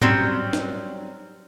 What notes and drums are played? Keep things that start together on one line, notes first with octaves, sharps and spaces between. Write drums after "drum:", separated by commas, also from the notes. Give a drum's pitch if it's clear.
F#3 G3 C4 C#4, drum: tom G#2
drum: snare